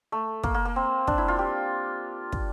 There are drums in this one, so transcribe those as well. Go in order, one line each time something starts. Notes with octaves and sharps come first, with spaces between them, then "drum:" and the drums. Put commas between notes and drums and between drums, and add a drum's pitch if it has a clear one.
A3
A#3, drum: kick
A#3
A#3
C4
D4, drum: kick
E4
F4
G4
drum: kick